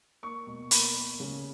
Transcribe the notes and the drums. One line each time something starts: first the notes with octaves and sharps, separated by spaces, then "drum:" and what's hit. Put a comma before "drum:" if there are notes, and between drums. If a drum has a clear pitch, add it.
A#3 C#6
B2
A#3 B5, drum: hi-hat
A#3
C#3